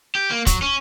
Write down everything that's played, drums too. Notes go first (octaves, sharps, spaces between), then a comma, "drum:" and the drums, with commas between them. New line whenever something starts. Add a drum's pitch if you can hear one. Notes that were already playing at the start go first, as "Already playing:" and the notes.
G4
A#3
F#3, drum: kick, hi-hat
C#4